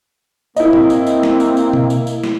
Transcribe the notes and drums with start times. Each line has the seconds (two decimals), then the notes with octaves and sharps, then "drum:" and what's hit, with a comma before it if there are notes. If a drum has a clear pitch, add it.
0.56 A#3 C4 E4 D#5, drum: tambourine
0.73 drum: tom G#2
0.90 drum: tambourine
1.07 drum: tambourine
1.23 drum: snare
1.40 drum: tambourine
1.57 drum: tambourine
1.73 drum: tom B2
1.90 drum: tambourine
2.07 drum: tambourine
2.24 drum: snare